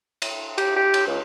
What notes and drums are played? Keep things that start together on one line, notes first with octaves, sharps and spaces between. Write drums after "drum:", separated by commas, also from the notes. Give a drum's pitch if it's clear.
drum: cymbal
G4, drum: cymbal
G4
drum: cymbal
C#2